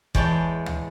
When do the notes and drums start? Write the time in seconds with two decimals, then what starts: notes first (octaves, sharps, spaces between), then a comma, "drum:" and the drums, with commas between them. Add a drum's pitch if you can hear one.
0.15 E2 G#3 C#5 G5 A5, drum: kick F#1
0.66 drum: tom